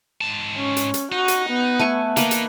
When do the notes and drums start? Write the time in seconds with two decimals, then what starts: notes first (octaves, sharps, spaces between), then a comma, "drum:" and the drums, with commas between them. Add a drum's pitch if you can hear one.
0.21 G#2 A5
0.57 C#4
0.77 drum: hi-hat
0.94 drum: hi-hat
1.12 D#4 F#4
1.28 drum: hi-hat
1.49 B3
1.79 A3 G#5 C#6
2.17 A#3 D#4 A#4 B4, drum: hi-hat
2.31 drum: hi-hat